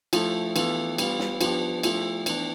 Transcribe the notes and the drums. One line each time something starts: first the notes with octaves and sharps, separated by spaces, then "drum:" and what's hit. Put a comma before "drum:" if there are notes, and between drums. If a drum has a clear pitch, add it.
F3 A3 E4 A4, drum: cymbal
E3 B3 F4 A4, drum: cymbal
G3 B3 F4, drum: cymbal
drum: snare
F3 B3 D4 G4, drum: cymbal
F3 A3 E4, drum: cymbal
E3 B3 D4, drum: cymbal